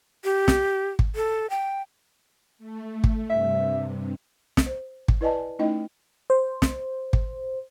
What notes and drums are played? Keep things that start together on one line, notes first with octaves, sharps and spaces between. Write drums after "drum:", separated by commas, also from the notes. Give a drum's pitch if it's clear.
G4
drum: snare
drum: kick
A4
G5
A3
drum: kick
G2 C3 E5
drum: snare
C5
drum: kick
E4 B4 D5 D#5 G#5 A5
A3 C#4 D#4 E4 D#5 G5
C5
drum: snare
drum: kick